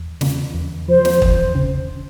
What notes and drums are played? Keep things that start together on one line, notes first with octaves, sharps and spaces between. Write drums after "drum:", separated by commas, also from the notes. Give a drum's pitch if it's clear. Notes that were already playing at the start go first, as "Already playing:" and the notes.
Already playing: E2
C#3, drum: snare
E2
F3 C5
drum: snare
E2, drum: kick
C#3